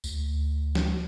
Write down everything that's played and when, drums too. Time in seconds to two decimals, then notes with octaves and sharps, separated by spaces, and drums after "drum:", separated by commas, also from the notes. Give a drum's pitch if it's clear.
0.04 D2, drum: tambourine
0.75 drum: snare